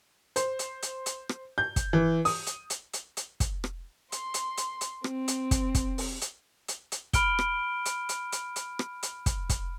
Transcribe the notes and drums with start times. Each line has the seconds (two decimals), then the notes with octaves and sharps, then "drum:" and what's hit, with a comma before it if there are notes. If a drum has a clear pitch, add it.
0.36 C5, drum: hi-hat
0.59 drum: hi-hat
0.82 drum: hi-hat
1.06 drum: hi-hat
1.29 drum: rim click
1.58 G6
1.76 drum: kick, hi-hat
1.93 E3
2.25 D#6, drum: open hi-hat
2.46 drum: hi-hat
2.70 drum: hi-hat
2.93 drum: hi-hat
3.17 drum: hi-hat
3.40 drum: kick, hi-hat
3.64 drum: rim click
4.12 C6, drum: hi-hat
4.34 drum: hi-hat
4.57 drum: hi-hat
4.81 drum: hi-hat
5.04 C4, drum: rim click
5.28 drum: hi-hat
5.51 drum: kick, hi-hat
5.75 drum: kick, hi-hat
5.98 drum: open hi-hat
6.21 drum: hi-hat
6.68 drum: hi-hat
6.92 drum: hi-hat
7.13 B5 F6 D7 G7, drum: kick, hi-hat
7.39 drum: rim click
7.85 drum: hi-hat
8.09 drum: hi-hat
8.32 drum: hi-hat
8.56 drum: hi-hat
8.79 drum: rim click
9.03 drum: hi-hat
9.26 drum: kick, hi-hat
9.49 drum: kick, hi-hat